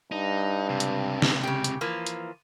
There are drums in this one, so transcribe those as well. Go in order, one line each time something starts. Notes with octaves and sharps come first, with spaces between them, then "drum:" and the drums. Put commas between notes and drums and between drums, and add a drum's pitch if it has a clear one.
G2 D#4
C#2 C3
drum: hi-hat
drum: snare
C#3 G4
drum: hi-hat
E3 F3 A#3
drum: hi-hat